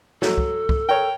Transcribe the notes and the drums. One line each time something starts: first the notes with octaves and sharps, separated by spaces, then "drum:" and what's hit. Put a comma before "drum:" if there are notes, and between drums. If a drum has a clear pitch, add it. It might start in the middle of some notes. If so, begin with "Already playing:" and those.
F#3 A4, drum: snare
drum: kick
drum: kick
A#4 C#5 G5